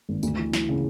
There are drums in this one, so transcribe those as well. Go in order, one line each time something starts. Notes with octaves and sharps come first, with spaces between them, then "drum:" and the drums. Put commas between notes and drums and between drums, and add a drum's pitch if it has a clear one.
G#1
D2, drum: tambourine
E3
E3, drum: snare
C#3